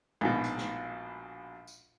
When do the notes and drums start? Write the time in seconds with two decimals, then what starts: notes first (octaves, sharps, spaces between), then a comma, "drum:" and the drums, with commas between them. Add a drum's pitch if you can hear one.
0.21 A#1 G#2 B2, drum: tom G#3
0.44 drum: hi-hat
0.58 drum: snare
1.67 drum: tambourine